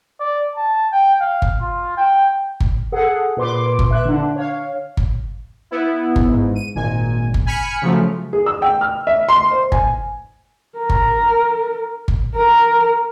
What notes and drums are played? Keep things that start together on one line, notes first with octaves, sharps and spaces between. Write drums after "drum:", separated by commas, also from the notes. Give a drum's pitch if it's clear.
D5
A5
G5
F5
drum: kick G1
F4
G5
drum: kick G1
G#4 A4 F#5
A#2 B4 C6 D6
drum: kick G1
E5 F#6
D3 D4
C#5 F5
drum: kick G1
B3 E4
drum: kick G1
G#2
D#7
G#1 A#2 G#5
drum: kick G1
G#5 B5 F6 B6 C#7
C#3 F3 F#3 A3
G#4
E6
G5
F6
E5
C6
C5
G#5, drum: kick G1
A#4
drum: kick G1
drum: kick G1
A#4